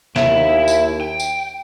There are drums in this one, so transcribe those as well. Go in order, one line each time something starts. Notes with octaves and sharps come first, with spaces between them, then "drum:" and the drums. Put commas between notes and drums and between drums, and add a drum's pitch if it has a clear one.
D#2 E4, drum: snare
drum: tambourine
G5
drum: tambourine